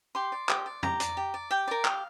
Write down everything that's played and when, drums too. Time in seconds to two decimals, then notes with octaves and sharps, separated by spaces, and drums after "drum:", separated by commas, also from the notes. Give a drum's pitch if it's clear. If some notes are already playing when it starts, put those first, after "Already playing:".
0.15 G4 C6
0.32 D5
0.49 G4, drum: clap
0.66 D5
0.83 G4 A#5, drum: tom
1.00 D5, drum: hi-hat
1.17 G4
1.34 D5
1.51 G4 G5
1.68 A#4 D5
1.85 G4 F5, drum: clap